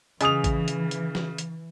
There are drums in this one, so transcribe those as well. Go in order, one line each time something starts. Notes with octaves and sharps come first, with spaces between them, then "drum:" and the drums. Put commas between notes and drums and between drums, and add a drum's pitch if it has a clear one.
C#3 E3 D#5 G#5 D#6 F7, drum: hi-hat
drum: kick A1, hi-hat
drum: hi-hat
drum: hi-hat
drum: snare
drum: hi-hat